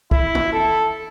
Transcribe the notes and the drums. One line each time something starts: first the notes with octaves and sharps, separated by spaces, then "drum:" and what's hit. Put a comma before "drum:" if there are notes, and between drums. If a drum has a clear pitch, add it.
E4, drum: kick
drum: tom
A4